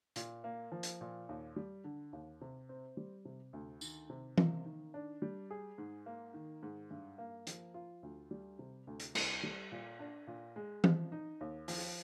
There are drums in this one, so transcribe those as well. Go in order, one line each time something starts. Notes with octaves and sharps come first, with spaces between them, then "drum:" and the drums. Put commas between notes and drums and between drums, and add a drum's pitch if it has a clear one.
A#2, drum: hi-hat
A#3
F3
drum: hi-hat
A#2
D#2
G3
D3
D#2
C3
C4
G3
C3
D2
D#3, drum: tambourine
C3
A#3, drum: tom E3
D#3
D4
G3
G#4
G#2
A#3
D#3
G#2
G2
A#3
F3, drum: hi-hat
F4
D2
G3
C3
D2
drum: hi-hat
C2, drum: cymbal
G3
A#2
D4
A#2
G#3
F3, drum: tom E3
D#4
D#2
F3, drum: open hi-hat